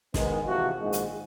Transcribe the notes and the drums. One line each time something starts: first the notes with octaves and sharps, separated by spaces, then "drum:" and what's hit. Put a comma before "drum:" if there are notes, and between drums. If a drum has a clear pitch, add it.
G#2 D#3 G#3 B3, drum: snare
E2 C3 F3 F#4
A#1 G#2 D#3 G#3
drum: hi-hat